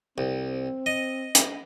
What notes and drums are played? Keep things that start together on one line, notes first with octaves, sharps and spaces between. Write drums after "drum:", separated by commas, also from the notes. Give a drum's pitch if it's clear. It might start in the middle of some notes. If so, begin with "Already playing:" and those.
C2 C4
D#5
drum: hi-hat